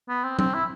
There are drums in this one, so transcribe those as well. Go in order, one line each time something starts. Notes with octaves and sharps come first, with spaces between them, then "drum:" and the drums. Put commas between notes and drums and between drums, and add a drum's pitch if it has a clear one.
B3
C4
C4, drum: tom F#3
E4